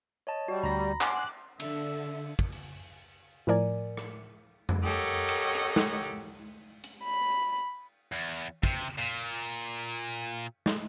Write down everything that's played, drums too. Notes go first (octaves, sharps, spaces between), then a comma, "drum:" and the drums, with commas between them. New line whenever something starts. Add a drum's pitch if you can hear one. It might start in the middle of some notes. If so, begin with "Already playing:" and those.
C#5 D#5 A5
G3 F#4
D2 A#5 B5 A#6
F#5 G#5 C6 D6, drum: clap
F#6
D3 A4 E5, drum: cymbal
drum: kick
drum: open hi-hat
A2 F3 A#4 D5 G#5
drum: rim click
drum: tom F2
G4 A4 A#4 C#5 D#5 F#5
drum: cymbal
drum: hi-hat
drum: snare
drum: hi-hat
B5
E2
C3, drum: kick
drum: hi-hat
A#2
drum: snare